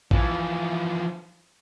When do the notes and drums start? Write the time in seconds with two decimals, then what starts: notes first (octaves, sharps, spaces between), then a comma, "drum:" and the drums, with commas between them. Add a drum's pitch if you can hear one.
0.11 E3 F3, drum: kick A1